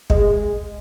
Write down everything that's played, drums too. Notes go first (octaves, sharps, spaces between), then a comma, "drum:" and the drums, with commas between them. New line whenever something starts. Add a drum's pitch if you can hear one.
G#3, drum: kick